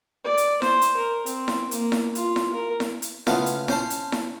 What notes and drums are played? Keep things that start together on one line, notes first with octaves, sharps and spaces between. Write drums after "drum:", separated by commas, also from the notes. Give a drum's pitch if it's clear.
D5
drum: hi-hat
C5, drum: snare E4
drum: hi-hat
A#4
C4, drum: hi-hat
drum: snare E4
A#3, drum: hi-hat
drum: snare E4
F4, drum: hi-hat
drum: snare E4
A#4
drum: snare E4
drum: hi-hat
C#3 A3 B3 F4 A4, drum: snare E4
drum: hi-hat
C#4 C5 A5, drum: snare E4
drum: hi-hat
drum: snare E4